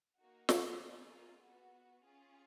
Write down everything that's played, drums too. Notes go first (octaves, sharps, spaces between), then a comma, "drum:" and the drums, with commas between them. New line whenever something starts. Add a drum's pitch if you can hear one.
A#3 D#4 F#4
F6, drum: snare
A#3 F4 G#4
B3 F#4
C#4 F4 G#4